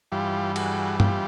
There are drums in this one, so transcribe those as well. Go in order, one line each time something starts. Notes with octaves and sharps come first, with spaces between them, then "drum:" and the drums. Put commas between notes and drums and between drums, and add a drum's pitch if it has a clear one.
G2 E3 G3 F4 G4
F#4 G#4, drum: cymbal
F4 G4, drum: tom G2